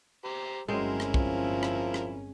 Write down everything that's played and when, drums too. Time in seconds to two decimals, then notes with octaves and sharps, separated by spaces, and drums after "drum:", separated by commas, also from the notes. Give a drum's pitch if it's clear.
0.25 G4 C5 A#5
0.68 G1 F#3 G#3 C4 C#4 E4 A#4
1.00 drum: rim click
1.14 F3, drum: kick
1.63 drum: rim click
1.94 drum: rim click